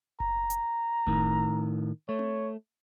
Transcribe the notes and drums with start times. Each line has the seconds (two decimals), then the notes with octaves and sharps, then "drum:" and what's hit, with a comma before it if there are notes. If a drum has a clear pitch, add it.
0.20 A#5, drum: kick F#1
0.50 drum: hi-hat
1.07 A2 D#3, drum: kick F#1
2.09 A3 C#5
2.19 drum: tom C4